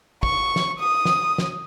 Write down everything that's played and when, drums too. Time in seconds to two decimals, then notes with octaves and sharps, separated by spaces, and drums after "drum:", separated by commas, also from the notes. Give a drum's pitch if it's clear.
0.23 C#6, drum: kick
0.56 drum: snare
0.80 D#6
1.05 drum: snare
1.38 drum: snare